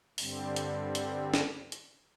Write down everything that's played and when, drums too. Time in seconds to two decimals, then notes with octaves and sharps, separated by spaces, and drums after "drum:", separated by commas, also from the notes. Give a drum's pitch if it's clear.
0.18 G2 D3 G3 C4, drum: open hi-hat
0.56 drum: hi-hat
0.95 drum: hi-hat
1.34 drum: snare
1.72 drum: hi-hat